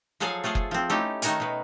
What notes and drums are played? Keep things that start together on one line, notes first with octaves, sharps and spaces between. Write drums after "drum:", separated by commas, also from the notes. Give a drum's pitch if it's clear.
F3 F#3 G#4 A4 F5 G#5
A3 F4 G#4 A4
drum: kick F#1
F3 C4
A3 C#4 D#4 E4 G4
D#3 A3 D#4 F#4 C#5 G#5, drum: hi-hat
B2 D#3 B4